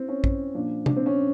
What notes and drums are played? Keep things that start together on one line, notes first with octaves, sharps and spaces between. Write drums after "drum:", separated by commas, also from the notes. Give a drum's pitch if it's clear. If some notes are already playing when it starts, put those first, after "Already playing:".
Already playing: C4 E4
C#4
drum: kick
A#2 F3 D4
D4, drum: tom C3
C4
C#4